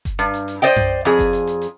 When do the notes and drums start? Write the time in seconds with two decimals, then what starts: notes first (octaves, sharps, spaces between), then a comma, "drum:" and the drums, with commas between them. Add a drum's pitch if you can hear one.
0.05 drum: kick F#1, hi-hat
0.19 G2
0.34 drum: hi-hat
0.48 drum: hi-hat
0.62 C5 D5 D#5 G5
0.76 drum: tom F#2
1.05 F2 G#4, drum: hi-hat
1.19 drum: kick F#1, hi-hat
1.33 drum: hi-hat
1.47 drum: hi-hat
1.62 drum: hi-hat